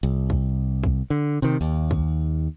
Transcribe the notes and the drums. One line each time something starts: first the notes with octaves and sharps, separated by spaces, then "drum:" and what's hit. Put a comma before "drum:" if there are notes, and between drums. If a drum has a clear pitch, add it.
C2
drum: kick
drum: kick
D3
C3 D#3
D#2
drum: kick